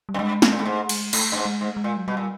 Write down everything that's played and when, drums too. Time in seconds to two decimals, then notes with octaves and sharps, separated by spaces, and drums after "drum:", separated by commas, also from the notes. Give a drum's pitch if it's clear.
0.09 G3
0.14 F#2
0.19 G2 G#3
0.42 A3, drum: snare
0.52 A#2
0.56 A2 G#3
0.66 G#2 A3
0.89 G#3, drum: cymbal
1.13 A2 A3, drum: cymbal
1.32 G2
1.37 G#2
1.45 G#3
1.61 G#2
1.67 A3
1.77 G#3
1.84 A#2
1.97 F#3
2.08 B2 G3
2.17 A#2